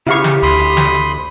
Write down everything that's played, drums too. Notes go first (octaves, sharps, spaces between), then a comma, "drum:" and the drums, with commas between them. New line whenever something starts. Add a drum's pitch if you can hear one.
C#3 E4 G4 F5 C#6
drum: snare
D2 B5 C6 D#6
drum: hi-hat
drum: snare
drum: hi-hat